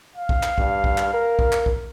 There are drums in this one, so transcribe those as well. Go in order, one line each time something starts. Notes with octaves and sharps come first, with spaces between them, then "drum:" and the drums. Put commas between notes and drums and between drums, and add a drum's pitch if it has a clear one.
F5
drum: kick
drum: clap
G2, drum: kick
drum: kick
drum: clap
A#4 F5
drum: kick
drum: clap
drum: kick